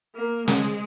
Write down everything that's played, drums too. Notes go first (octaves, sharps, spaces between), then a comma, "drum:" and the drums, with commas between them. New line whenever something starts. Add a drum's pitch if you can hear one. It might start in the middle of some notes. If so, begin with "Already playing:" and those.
A#3
G#3, drum: snare